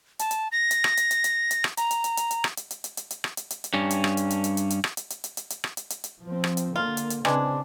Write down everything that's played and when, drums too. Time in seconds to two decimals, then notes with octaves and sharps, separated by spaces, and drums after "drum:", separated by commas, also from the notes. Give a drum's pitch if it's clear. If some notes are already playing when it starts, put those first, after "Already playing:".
0.19 A5, drum: hi-hat
0.31 drum: hi-hat
0.52 A#6
0.71 drum: hi-hat
0.84 drum: rim click
0.97 drum: hi-hat
1.11 drum: hi-hat
1.24 drum: hi-hat
1.51 drum: hi-hat
1.64 drum: rim click
1.77 A#5, drum: hi-hat
1.91 drum: hi-hat
2.04 drum: hi-hat
2.17 drum: hi-hat
2.31 drum: hi-hat
2.44 drum: rim click
2.57 drum: hi-hat
2.71 drum: hi-hat
2.84 drum: hi-hat
2.97 drum: hi-hat
3.11 drum: hi-hat
3.24 drum: rim click
3.37 drum: hi-hat
3.51 drum: hi-hat
3.64 drum: hi-hat
3.74 G2 C#4
3.90 drum: hi-hat
4.04 drum: rim click
4.17 drum: hi-hat
4.30 drum: hi-hat
4.44 drum: hi-hat
4.57 drum: hi-hat
4.70 drum: hi-hat
4.84 drum: rim click
4.97 drum: hi-hat
5.10 drum: hi-hat
5.24 drum: hi-hat
5.37 drum: hi-hat
5.50 drum: hi-hat
5.64 drum: rim click
5.77 drum: hi-hat
5.90 drum: hi-hat
6.04 drum: hi-hat
6.23 F3 C4
6.44 drum: rim click
6.57 drum: hi-hat
6.76 D3 A#3 F4
6.97 drum: hi-hat
7.10 drum: hi-hat
7.25 C#3 E3 G#3 C4 D4, drum: rim click